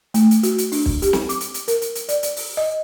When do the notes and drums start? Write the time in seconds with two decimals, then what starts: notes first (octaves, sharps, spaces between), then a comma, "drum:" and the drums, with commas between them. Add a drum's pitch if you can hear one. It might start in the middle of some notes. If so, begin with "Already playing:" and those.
0.14 A3, drum: hi-hat
0.31 drum: hi-hat
0.43 F#4, drum: hi-hat
0.58 drum: hi-hat
0.72 D4, drum: open hi-hat
0.86 drum: kick
1.02 G4, drum: hi-hat
1.13 drum: snare
1.29 D6, drum: hi-hat
1.40 drum: hi-hat
1.54 drum: hi-hat
1.68 A#4, drum: hi-hat
1.82 drum: hi-hat
1.95 drum: hi-hat
2.09 D5, drum: hi-hat
2.23 drum: hi-hat
2.36 drum: open hi-hat
2.57 D#5